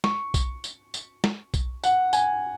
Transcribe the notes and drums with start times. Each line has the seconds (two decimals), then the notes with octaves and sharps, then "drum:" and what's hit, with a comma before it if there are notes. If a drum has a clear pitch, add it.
0.04 C#6, drum: snare
0.34 drum: kick B1, tambourine
0.64 drum: tambourine
0.94 drum: tambourine
1.24 drum: snare
1.54 drum: kick B1, tambourine
1.84 F#5, drum: tambourine
2.13 G#5, drum: tambourine